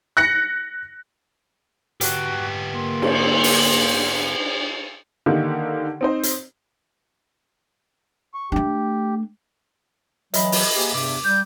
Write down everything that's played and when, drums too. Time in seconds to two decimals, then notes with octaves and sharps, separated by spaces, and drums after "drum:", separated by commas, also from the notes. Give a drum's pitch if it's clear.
0.17 F#6 A#6 C#7
2.01 B3 F#4 G4, drum: hi-hat
2.74 A#3 C6
3.02 drum: cymbal
3.44 drum: open hi-hat
5.26 D3 D#3 A#3 D#4 G4
6.01 C4 D#4 C5
6.23 drum: hi-hat
8.34 C#6
8.52 A3 D4 G4
10.34 E3 F#3 D#5 E5 B5, drum: hi-hat
10.52 drum: open hi-hat
10.76 A#3 G4 G#4
10.94 E2 G2 C3 D6
11.25 G3 G6